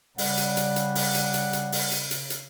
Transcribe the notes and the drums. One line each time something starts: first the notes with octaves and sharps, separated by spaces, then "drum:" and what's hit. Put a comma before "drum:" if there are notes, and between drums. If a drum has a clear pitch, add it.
C#3 G3 F#5, drum: open hi-hat
drum: hi-hat
drum: hi-hat
drum: hi-hat
drum: open hi-hat
drum: hi-hat
drum: hi-hat
drum: hi-hat
drum: open hi-hat
drum: hi-hat
drum: hi-hat
drum: hi-hat